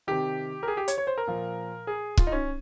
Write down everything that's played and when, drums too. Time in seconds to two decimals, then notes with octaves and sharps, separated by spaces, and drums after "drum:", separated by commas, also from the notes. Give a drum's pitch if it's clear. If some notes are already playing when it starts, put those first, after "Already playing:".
0.07 C3 D#3 G4
0.63 A#4
0.68 G#4
0.77 G4
0.88 C#5, drum: hi-hat
0.98 C#5
1.07 C5
1.18 A#4
1.27 A#2 F3
1.87 G#4
2.17 F4, drum: kick
2.27 D#4
2.32 C#4